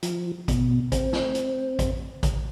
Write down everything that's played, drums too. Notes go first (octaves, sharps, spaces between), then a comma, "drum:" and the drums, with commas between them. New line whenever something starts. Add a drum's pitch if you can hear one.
F3, drum: hi-hat
B2, drum: kick A1, hi-hat
C4, drum: kick A1, hi-hat
drum: snare
drum: hi-hat
drum: kick A1, hi-hat
drum: kick A1, hi-hat